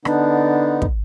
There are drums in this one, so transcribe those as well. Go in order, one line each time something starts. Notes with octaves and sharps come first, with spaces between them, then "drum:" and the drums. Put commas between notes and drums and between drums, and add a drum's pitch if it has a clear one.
D3 B3 D4 D#4, drum: rim click
drum: kick